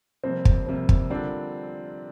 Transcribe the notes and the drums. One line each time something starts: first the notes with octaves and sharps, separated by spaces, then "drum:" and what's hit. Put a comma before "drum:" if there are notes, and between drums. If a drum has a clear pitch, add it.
F2 C3 G3 A#3 C4
drum: kick
F2 C3 G3 A#3 C4
drum: kick
D3 G3 C4 D4 F4 A#4